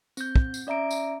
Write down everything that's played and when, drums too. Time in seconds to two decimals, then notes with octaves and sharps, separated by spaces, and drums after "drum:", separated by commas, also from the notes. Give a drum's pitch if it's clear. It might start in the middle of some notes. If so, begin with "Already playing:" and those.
0.17 C4 G6, drum: tambourine
0.36 drum: kick
0.54 drum: tambourine
0.67 C#4 D5 E5 A#5 D7
0.91 drum: tambourine